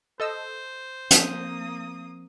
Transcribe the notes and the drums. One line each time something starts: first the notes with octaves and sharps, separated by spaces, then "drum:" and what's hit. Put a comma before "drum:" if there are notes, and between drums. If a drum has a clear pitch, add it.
A4 C5 D#5 E6
F3 A#3 C4 D#6, drum: hi-hat